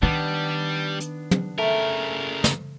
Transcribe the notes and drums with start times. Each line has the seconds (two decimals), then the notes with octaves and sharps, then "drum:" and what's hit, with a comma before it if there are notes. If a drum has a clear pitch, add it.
0.02 D#3 G3 B3 D4
1.00 drum: hi-hat
1.31 drum: tom
1.59 C#3 A3 A#4
2.44 drum: snare